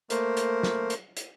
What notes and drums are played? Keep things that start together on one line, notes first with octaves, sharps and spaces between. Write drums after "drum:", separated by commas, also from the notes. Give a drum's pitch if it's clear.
A3 A#3 A#4 C5, drum: hi-hat
drum: hi-hat
drum: snare
drum: hi-hat
drum: hi-hat